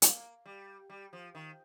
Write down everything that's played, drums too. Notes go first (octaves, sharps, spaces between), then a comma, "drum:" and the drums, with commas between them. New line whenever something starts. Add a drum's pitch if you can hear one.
A#3, drum: hi-hat
G3
G3
F3
D#3